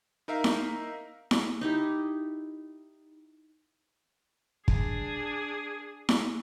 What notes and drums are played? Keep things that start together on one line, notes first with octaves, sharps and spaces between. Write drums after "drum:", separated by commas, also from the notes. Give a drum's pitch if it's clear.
D#4 A#4 E5 F5
drum: snare E4
drum: snare E4
D#4 E4 G4
D4 G#4, drum: kick
drum: snare E4